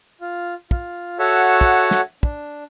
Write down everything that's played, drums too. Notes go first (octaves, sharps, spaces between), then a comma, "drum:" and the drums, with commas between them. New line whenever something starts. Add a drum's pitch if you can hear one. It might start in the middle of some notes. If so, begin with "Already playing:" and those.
F4
F4, drum: kick
F#4 A4 C#5 E5 F#5
drum: kick
drum: snare
D4, drum: kick